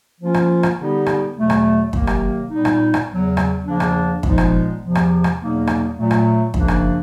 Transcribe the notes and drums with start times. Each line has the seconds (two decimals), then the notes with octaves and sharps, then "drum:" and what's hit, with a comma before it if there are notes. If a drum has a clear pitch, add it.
0.20 F3 A#3 C#4 F4
0.34 drum: rim click
0.63 drum: rim click
0.77 D3 G3 B3 D#4 G4
1.06 drum: rim click
1.35 E2 B2 F#3 A3
1.50 drum: rim click
1.93 C3 D#3 F#3 A#3, drum: kick
2.07 drum: rim click
2.50 A#2 G3 B3 D#4
2.65 drum: rim click
2.94 drum: rim click
3.08 E2 C#3 F#3
3.37 drum: rim click
3.65 E2 C#3 F3 A#3 D4
3.80 drum: rim click
4.23 A#2 F3 G#3 B3 D#4, drum: kick
4.38 drum: rim click
4.81 E2 C3 F3
4.95 drum: rim click
5.24 drum: rim click
5.39 E2 B2 F#3 A#3 D#4
5.67 drum: rim click
5.96 A#2 F#3 A3
6.11 drum: rim click
6.54 F#2 C#3 F3 A#3 D4, drum: kick
6.68 drum: rim click